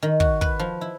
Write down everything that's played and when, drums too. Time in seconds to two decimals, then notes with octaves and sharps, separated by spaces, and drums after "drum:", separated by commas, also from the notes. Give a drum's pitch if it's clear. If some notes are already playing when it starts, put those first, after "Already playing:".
0.03 D#3
0.20 F#4, drum: kick
0.41 B4, drum: kick
0.60 F3
0.81 E4